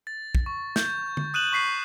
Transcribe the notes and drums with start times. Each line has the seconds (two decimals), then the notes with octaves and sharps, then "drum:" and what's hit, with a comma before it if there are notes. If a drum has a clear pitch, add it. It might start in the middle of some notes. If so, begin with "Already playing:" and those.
0.07 A6
0.35 drum: kick
0.46 C#6
0.76 G6, drum: snare
1.17 drum: tom D3
1.34 D#6 F#6 D#7 E7 F#7
1.53 C#6 B6 C7 D#7